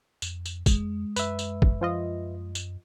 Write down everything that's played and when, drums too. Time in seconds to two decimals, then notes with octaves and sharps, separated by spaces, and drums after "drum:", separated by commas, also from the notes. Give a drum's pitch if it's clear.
0.22 F2, drum: tambourine
0.45 drum: tambourine
0.66 F2 G#3, drum: kick, tambourine
1.16 F#2 B4 E5, drum: tambourine
1.39 drum: tambourine
1.62 drum: kick
1.81 F3 F4 D#5
2.55 drum: tambourine